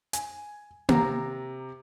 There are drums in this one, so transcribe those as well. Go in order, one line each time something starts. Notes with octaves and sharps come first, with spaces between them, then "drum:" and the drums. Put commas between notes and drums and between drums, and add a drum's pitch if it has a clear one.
G#5, drum: hi-hat
C3 A#4 A#5, drum: tom A#3